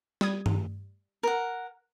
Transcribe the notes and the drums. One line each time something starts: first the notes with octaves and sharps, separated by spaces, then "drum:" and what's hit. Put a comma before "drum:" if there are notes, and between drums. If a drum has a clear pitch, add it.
G3 D#6 G#6, drum: snare
drum: tom G2
A#4 F#5